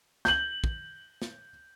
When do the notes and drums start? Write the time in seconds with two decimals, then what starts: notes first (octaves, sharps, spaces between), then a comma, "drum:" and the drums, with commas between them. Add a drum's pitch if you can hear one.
0.25 G6 F#7, drum: snare
0.64 drum: kick
1.22 drum: snare